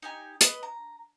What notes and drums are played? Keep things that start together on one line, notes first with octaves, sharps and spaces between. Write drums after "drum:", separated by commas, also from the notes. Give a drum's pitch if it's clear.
D#4 G4 G#5
B4 D#5, drum: hi-hat
A#5